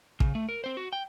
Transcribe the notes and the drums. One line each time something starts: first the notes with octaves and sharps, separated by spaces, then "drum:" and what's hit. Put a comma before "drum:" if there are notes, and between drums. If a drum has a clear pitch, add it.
C#3, drum: kick
A3
A#4
C4 C5
F#4
G5